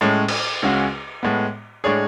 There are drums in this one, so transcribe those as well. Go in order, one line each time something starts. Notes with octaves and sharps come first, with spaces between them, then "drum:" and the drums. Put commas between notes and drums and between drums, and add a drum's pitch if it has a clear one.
A2 G#3 C#4
drum: cymbal
C#2 C#3 G#3 C#4 F#4
A2 G#3 B3
A2 G#3 D4 G#4 C#5